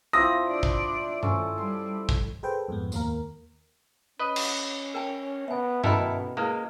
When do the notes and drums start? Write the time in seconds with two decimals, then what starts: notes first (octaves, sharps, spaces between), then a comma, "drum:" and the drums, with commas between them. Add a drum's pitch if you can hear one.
0.13 F3 C4 E4 D#6 A#6
0.48 D4 D5
0.63 drum: kick
1.23 C#4 A4, drum: tom G2
1.58 G3 C6
2.09 drum: kick
2.43 G#4 A4 B4 C5 G5
2.68 F2 G#2 B3
2.92 D#2 A#3 A#4, drum: tambourine
4.20 C#4 B4 D#5
4.36 drum: cymbal
4.94 A#4 G5 G#5
5.48 B3 E5 G#5
5.84 B2 C#4 E4 A4 A#4 D#5 C6, drum: tom G2
6.37 G#3 A#3 E4 B4